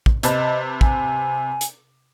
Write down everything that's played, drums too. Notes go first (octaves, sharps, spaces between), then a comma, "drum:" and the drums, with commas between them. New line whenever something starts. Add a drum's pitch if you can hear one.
drum: kick
C3 B4 D#5 A5, drum: hi-hat
G#5, drum: kick
drum: hi-hat